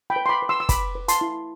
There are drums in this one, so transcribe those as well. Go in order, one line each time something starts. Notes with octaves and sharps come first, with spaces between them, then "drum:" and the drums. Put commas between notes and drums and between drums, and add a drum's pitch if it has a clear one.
G5 B5
B4
C6
B5 D6
B4
C6 E6
E6
B4 B5 D6, drum: kick, hi-hat
B4
A5 C6, drum: hi-hat
E4